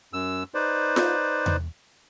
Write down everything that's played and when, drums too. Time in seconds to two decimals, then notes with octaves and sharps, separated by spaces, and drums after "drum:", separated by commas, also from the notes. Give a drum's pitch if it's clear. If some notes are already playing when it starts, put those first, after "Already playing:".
0.13 F#2 E6
0.54 D#4 B4 C5 D5
0.96 drum: snare F4
1.46 drum: tom E2